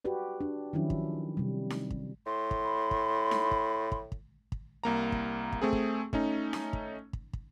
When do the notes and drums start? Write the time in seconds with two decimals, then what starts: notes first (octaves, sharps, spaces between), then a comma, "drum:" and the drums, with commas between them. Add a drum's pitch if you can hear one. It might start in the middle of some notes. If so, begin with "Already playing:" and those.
0.05 F#4 G4 B4 D5
0.41 D4
0.73 D#3 F3 F#3 C#4 D4 E4
0.90 drum: kick
1.37 C3 G3
1.70 drum: snare D#4
1.91 drum: kick
2.26 A2 C6
2.51 drum: kick
2.64 B5
2.91 drum: kick
3.31 drum: snare D#4
3.51 drum: kick
3.92 drum: kick
4.12 drum: kick
4.52 drum: kick
4.84 C2 A#3 A#5
5.12 drum: kick
5.52 drum: kick
5.62 A3 C4 G#4
5.73 drum: kick
6.13 A3 C#4 D#4, drum: kick
6.53 drum: snare D#4
6.73 drum: kick
7.13 drum: kick
7.33 drum: kick